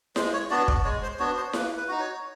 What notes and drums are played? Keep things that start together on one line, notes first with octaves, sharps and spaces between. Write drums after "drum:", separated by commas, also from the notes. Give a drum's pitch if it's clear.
G#3 C5, drum: snare E4
C#5
B3 D4 F#4 D5
D5, drum: kick
G#3 C#5
C5
B3 D4 F#4 C#5
C5
A#3 B4, drum: snare E4
B4
D#4 F#4
C#5